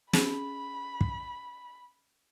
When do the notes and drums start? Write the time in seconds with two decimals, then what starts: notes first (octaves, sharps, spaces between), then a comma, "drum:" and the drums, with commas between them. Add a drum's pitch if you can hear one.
0.13 C#4 G#4 B5, drum: snare
1.01 drum: kick